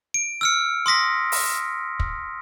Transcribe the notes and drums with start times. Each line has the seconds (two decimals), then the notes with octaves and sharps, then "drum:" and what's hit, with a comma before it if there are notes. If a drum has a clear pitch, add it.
0.14 D7
0.41 E6 F6 C#7
0.86 C6 D#6 A#6 B6
1.32 drum: open hi-hat
2.00 drum: kick